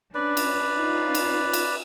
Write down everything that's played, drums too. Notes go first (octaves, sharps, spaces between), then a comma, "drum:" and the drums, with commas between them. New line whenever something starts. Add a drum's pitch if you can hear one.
C#4 D4 B4 D5
drum: cymbal
C#4 D#4 F4
drum: cymbal
drum: cymbal